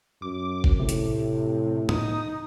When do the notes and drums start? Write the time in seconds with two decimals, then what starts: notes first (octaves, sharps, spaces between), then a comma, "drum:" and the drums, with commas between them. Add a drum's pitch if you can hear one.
0.22 F#2 D6
0.64 drum: kick F#1
0.79 A2 C3
0.89 drum: hi-hat
1.89 D#4 D#6, drum: tom